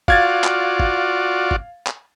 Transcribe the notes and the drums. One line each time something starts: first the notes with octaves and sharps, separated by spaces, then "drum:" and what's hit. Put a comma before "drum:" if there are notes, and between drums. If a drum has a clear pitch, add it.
F4 F#4 D5 F5 G#6 A6, drum: kick
drum: clap
drum: kick
drum: kick
drum: clap